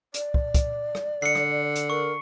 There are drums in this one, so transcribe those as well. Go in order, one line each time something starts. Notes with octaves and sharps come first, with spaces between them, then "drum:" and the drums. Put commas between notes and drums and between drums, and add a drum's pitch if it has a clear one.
D5, drum: hi-hat
drum: kick
drum: kick, hi-hat
drum: rim click
D3 C7 C#7
drum: rim click
drum: hi-hat
A#4 C#6